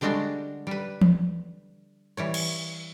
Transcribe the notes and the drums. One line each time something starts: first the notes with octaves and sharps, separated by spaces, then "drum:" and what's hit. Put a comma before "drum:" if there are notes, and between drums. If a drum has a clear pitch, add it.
D3 G3 G#3 D4 F#4
G3 B4
drum: tom E3
E3 G3 C#5
drum: cymbal